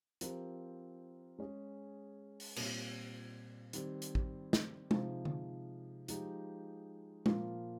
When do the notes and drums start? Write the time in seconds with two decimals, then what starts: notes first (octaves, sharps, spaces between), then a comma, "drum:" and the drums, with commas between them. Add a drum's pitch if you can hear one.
0.21 F3 C4 G4 A#4, drum: hi-hat
1.38 G#3 C#4 G#4
2.40 drum: open hi-hat
2.56 A#2 G3 C4, drum: cymbal
3.73 D#3 G3 C4, drum: hi-hat
4.02 drum: hi-hat
4.15 drum: kick A1
4.53 drum: snare
4.91 C3 F3 G#3 D#4, drum: tom G#3
5.25 drum: tom D3
6.08 F3 G#3 D#4 G4, drum: hi-hat
7.26 A#2 F3 A#3 F4, drum: tom G#3